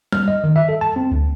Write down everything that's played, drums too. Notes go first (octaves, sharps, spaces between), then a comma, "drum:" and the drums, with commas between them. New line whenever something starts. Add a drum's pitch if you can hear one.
F6, drum: tom G3
D#5
D#3
E5
A4
A5
C4
D2